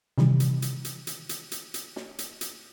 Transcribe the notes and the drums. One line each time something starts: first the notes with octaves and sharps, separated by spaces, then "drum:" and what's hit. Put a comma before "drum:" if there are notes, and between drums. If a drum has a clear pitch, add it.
C3 D#3 E3 G3, drum: snare
drum: hi-hat
drum: hi-hat
drum: hi-hat
drum: hi-hat
drum: hi-hat
drum: hi-hat
drum: hi-hat
drum: snare
drum: hi-hat
drum: hi-hat